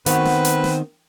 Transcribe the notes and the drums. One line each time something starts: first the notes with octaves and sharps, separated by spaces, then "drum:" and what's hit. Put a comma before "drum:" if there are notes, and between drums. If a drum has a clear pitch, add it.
D#3 B3 C4 F#4 B4, drum: hi-hat
drum: snare
drum: hi-hat
drum: snare